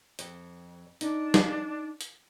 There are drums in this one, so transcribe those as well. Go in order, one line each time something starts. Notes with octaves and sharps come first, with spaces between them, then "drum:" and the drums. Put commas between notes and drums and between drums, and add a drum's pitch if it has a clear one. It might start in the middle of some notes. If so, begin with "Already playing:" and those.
F2, drum: hi-hat
D4 D#4, drum: hi-hat
drum: snare
drum: hi-hat